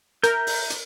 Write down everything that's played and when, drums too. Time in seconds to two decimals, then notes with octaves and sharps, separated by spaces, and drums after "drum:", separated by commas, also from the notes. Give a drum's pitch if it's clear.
0.23 A#4 E5 A#5 G6, drum: hi-hat
0.47 drum: open hi-hat
0.70 drum: hi-hat